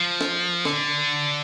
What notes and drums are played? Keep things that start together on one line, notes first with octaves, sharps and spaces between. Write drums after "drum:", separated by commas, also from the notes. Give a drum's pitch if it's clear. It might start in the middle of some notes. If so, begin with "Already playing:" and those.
Already playing: F3
drum: snare
D3, drum: snare